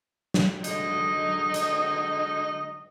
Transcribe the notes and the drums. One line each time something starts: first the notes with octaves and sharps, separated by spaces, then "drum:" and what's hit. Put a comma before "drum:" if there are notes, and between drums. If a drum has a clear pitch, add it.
drum: snare
D3 G#3 D#4 F#4 D#5, drum: hi-hat
drum: hi-hat